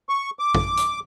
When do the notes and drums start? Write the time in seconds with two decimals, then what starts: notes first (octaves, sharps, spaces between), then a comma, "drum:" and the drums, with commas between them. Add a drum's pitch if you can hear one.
0.09 C#6
0.39 D6
0.55 drum: kick
0.77 drum: hi-hat